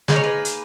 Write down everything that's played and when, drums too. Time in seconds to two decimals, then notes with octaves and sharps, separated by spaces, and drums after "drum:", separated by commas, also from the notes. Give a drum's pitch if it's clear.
0.08 A#3 D#4 G#4 B4, drum: snare
0.16 C#5
0.24 B4
0.45 drum: hi-hat